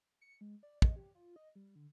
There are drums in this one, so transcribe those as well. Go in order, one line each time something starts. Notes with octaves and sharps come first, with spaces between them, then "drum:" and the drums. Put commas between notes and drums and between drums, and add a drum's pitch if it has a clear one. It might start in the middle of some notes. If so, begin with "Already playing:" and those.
C#7
G#3
D5
D#5, drum: kick
G4
F4
D#5
G3
D3